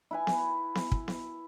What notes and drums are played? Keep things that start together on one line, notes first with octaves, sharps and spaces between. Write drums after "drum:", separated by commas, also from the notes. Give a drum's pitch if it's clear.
E4 B4 G#5
drum: snare B3
drum: snare B3
drum: kick
drum: snare B3